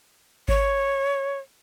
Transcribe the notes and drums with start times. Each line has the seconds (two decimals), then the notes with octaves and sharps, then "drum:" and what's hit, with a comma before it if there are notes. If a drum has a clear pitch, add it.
0.48 C#5, drum: kick G#1